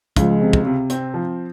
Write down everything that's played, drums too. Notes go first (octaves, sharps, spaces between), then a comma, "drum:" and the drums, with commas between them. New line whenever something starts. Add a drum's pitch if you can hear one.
C#2 F3 G#3, drum: kick, hi-hat
C3
drum: kick
C3
C4, drum: hi-hat
F3